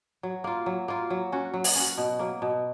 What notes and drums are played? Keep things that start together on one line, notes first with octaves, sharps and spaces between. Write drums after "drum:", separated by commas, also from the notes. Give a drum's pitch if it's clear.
F#3
A#3 F4
F#3
A#3 F4
F#3
C#4 F#4
F#3
drum: open hi-hat
C#4 F#4
B2
F#3 A#3
B2